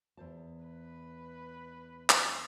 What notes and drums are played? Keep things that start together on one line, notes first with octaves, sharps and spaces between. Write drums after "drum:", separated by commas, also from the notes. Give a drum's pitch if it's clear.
E2 C5 A5
B4
drum: clap